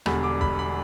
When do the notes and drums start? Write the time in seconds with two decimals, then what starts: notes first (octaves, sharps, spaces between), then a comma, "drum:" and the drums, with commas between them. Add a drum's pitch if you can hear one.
0.06 E1 E2 D3 G3 B5, drum: rim click
0.23 D6
0.41 B5, drum: kick
0.59 B5